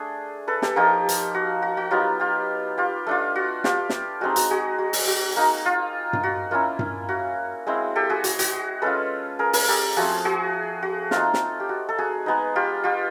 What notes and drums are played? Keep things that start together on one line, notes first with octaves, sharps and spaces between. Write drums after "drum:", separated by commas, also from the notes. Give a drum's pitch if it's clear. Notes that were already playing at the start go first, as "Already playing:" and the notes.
Already playing: A3 D4 G#4
A4 B4
G4 A4, drum: snare
F3 A#3 D#4 F4 G4
drum: hi-hat
F#4
F#4
F#4
F#3 B3 D#4 F4 G4
F4 G4
F4 G4
A3 D4 F4
F#4
F4 G4, drum: snare
drum: snare
G#3 C4 D#4 F#4
F#4, drum: hi-hat
F#4 G#4
F#4
drum: open hi-hat
F#4
A#3 D#4
F4
drum: tom G2
F#4
A#3 C#4 E4 F4
drum: tom G2
F#4
G#3 C4 E4
G4 A4
F#4 G#4
F#4, drum: hi-hat
F#4, drum: hi-hat
G#3 C#4 F4 A4 B4
G#4 A#4
G#4 A#4, drum: open hi-hat
G4 A4
F3 A3 C4 F#4 G#4
F#4 G#4
F#4
A3 C4 D#4 F4, drum: snare
drum: snare
G4
F#4
A4
F#4 G#4
G#3 B3 D#4
F4 G4
F4 G4